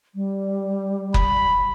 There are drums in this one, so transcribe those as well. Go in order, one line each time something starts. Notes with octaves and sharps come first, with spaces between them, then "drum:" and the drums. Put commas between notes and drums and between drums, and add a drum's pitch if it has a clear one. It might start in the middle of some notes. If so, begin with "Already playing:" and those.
G3
B5, drum: kick F#1